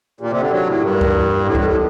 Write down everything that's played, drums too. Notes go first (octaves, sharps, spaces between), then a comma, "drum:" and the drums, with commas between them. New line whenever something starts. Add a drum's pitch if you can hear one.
A#2 D#3 A3 D4 G4
C3
D3
F#3
A2
G2 A#3 D4 G4 A#4
drum: kick C#2
A2 C3 G3 C4 D#4 A4
G2, drum: kick C#2
A2